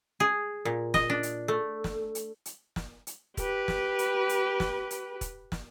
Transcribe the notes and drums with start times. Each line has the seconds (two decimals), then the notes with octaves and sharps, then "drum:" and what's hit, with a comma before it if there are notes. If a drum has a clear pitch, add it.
0.20 G#4
0.65 A#2
0.94 D#5, drum: snare
1.10 D4
1.23 drum: hi-hat
1.48 A3
1.84 drum: snare
2.15 drum: hi-hat
2.45 drum: hi-hat
2.76 drum: snare
3.07 drum: hi-hat
3.37 G4 B4, drum: kick, hi-hat
3.68 drum: snare
3.99 drum: hi-hat
4.29 drum: hi-hat
4.60 drum: snare
4.90 drum: hi-hat
5.21 drum: kick, hi-hat
5.52 drum: snare